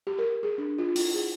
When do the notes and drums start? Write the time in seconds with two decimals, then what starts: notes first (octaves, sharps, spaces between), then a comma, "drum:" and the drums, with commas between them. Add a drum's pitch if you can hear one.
0.07 G4
0.19 A#4
0.43 G#4
0.58 D4
0.78 F4
0.96 E4, drum: open hi-hat
1.14 G#4